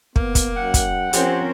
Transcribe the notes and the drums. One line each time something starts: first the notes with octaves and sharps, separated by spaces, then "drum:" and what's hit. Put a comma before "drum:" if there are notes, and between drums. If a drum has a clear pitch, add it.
A#3 B3, drum: kick
drum: kick, hi-hat
F#2 F#5 G5
drum: kick, hi-hat
F3 C4 C#4 G4 A#4, drum: hi-hat